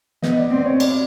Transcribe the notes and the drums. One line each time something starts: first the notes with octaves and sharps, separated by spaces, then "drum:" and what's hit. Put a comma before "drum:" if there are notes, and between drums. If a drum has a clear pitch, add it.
B3 D#5, drum: snare
D5
C4
C#5
D5, drum: cymbal